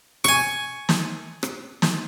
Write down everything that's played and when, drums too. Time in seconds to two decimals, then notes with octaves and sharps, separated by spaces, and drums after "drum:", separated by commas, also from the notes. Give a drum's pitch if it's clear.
0.24 G#5 C#6, drum: rim click
0.89 drum: snare
1.43 drum: rim click
1.82 drum: snare